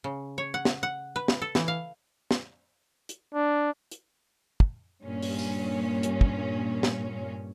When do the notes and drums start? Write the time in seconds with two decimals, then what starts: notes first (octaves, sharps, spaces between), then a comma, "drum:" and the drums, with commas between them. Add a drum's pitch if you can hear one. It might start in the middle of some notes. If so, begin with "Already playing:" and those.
0.04 C#3
0.38 C#5
0.54 F#5
0.65 drum: snare
0.83 F#5
1.16 B4
1.28 drum: snare
1.42 A4
1.55 E3, drum: snare
1.68 F5
2.31 drum: snare
3.09 drum: hi-hat
3.34 D4
3.91 drum: hi-hat
4.60 drum: kick
5.04 G2 A#2 C#4
5.22 drum: open hi-hat
5.38 drum: tambourine
6.03 drum: hi-hat
6.21 drum: kick
6.83 drum: snare